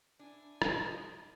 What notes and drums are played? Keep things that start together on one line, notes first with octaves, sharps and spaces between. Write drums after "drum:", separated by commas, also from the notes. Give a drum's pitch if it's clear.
D4 E4 G#5
drum: rim click
F3 D5 D#5